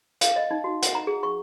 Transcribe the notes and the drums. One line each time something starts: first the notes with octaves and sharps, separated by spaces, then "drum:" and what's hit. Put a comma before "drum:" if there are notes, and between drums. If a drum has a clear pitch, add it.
F5, drum: hi-hat
D#5
D#4
F#4
F#5, drum: hi-hat
A#5
G#4
C#6